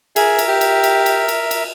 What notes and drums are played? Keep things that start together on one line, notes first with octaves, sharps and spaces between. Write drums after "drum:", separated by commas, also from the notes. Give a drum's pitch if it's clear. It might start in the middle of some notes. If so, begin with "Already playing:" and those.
G#4 A#4 E5, drum: cymbal
drum: cymbal
G4
drum: cymbal
drum: cymbal
drum: cymbal
drum: cymbal
drum: cymbal